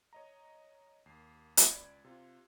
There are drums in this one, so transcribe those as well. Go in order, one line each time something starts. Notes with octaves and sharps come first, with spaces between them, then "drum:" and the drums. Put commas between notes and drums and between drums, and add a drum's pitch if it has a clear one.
C#5 D#5 A#5
D#2 C7
drum: hi-hat
C#2 D5 B5 G#6
C3 F4